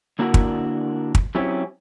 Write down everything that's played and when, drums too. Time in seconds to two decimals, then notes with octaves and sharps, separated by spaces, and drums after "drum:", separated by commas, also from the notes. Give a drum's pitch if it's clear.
0.19 D3 A#3 D4 E4 F#4 A#4
0.34 drum: kick
1.15 drum: kick
1.35 F#3 C4 C#4 E4 G4